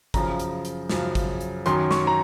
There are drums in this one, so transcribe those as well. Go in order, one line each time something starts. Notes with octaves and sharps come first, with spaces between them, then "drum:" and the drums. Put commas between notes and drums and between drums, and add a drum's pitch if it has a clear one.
F#2 C#3 F3 A#5, drum: kick, hi-hat
drum: hi-hat
drum: hi-hat
F#2 C#3 F3, drum: snare
drum: kick, hi-hat
drum: hi-hat
F#2 D#3 F#3 C#4 C6, drum: hi-hat
C#6, drum: snare
A#5